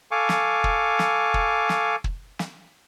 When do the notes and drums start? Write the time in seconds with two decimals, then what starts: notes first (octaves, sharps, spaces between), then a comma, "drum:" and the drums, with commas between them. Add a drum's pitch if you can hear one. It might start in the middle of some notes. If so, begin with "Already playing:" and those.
0.11 A4 F5 G#5 C#6 D6
0.29 drum: snare
0.64 drum: kick
0.99 drum: snare
1.34 drum: kick
1.69 drum: snare
2.04 drum: kick
2.39 drum: snare